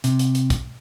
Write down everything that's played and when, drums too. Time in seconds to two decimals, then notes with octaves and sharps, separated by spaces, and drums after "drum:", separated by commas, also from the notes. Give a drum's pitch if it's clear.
0.04 C3, drum: hi-hat
0.19 drum: hi-hat
0.35 drum: hi-hat
0.50 drum: kick, hi-hat